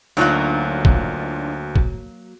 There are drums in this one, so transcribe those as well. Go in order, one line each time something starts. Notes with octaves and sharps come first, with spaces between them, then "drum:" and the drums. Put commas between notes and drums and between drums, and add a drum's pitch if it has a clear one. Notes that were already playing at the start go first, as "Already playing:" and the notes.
D2 F#3 A#3 D4 D#4 F4 F#6
drum: kick
drum: kick